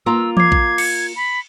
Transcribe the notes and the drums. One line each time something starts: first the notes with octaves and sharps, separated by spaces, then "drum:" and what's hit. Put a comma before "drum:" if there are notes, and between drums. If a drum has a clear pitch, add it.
A#3 F4 A#5 E6
D6 G#6 C7, drum: tom E3
drum: kick A#1
C#7, drum: cymbal
B5